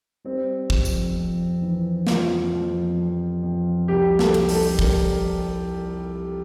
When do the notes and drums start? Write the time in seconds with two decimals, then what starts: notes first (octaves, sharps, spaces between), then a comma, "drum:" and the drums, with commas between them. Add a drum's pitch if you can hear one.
0.24 G3 C4
0.70 F2, drum: kick
0.85 drum: tambourine
1.15 F2
1.62 E3
2.07 F2 F4, drum: snare
2.52 F2
2.97 F2
3.43 F2
3.88 C2 G4
4.19 A4, drum: snare
4.34 C2, drum: cymbal
4.49 A4, drum: open hi-hat
4.79 G3 A#4, drum: kick